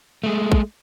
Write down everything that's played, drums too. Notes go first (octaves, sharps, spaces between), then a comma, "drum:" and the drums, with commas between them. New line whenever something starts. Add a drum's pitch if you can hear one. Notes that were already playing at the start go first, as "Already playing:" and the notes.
G#3 A3
drum: kick